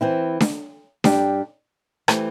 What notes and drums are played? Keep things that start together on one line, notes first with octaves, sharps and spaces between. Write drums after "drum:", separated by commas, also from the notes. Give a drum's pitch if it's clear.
E3 C4 E4
drum: snare D4
G2 G3 D4 G4, drum: snare D4
E3 A3 C4 G4, drum: rim click